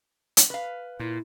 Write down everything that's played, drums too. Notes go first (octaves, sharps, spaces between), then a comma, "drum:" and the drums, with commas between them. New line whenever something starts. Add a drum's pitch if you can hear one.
drum: hi-hat
B4 F5
A#2 E4